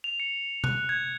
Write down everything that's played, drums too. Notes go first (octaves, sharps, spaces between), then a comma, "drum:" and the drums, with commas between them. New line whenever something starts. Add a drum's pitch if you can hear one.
F7
C#7
F#6, drum: tom B2
G#6